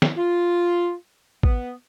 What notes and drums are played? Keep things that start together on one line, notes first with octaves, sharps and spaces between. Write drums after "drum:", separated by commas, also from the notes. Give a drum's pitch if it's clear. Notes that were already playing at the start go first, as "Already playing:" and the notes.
drum: snare
F4
B3, drum: kick A1